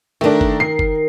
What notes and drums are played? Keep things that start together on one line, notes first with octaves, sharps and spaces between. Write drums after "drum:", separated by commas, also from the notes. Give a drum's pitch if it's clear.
D#3 A3 D4 A#4
drum: kick
C7
drum: kick